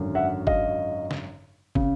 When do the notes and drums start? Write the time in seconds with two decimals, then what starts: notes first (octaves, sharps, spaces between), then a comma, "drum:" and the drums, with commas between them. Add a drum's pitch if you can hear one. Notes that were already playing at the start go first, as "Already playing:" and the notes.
Already playing: G#1 F#2 D3
0.15 E5 F#5
0.47 D#5 F5, drum: kick
1.11 drum: snare
1.75 C#3, drum: kick